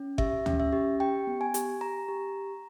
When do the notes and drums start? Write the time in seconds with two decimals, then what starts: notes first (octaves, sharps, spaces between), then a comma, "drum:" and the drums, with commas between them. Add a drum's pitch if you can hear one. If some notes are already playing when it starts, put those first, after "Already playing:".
Already playing: C#4
0.18 G4 E5, drum: kick G1
0.46 C#4, drum: tom D2
0.60 E5
0.73 G4
1.00 G4 G5
1.27 B3
1.41 G#5
1.54 G4, drum: hi-hat
1.81 G4 A#5
2.08 G4